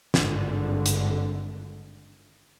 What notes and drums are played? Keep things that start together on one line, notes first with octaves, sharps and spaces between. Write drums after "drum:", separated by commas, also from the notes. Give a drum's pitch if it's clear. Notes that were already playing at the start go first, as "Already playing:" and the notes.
G#1 G2 D3, drum: snare
drum: hi-hat